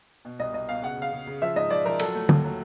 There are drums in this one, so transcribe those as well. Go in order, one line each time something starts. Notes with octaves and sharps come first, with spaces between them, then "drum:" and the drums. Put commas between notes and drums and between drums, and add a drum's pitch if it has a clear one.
B2
C2 D#5
C2 D#5
B2 F5
C#3 F#5
C#3 F5
C#3
C#3
F3 E5
G#2 D#5
F3 D5
F3 A#4
F#3 A4, drum: cymbal
A3
D#2, drum: tom
F#3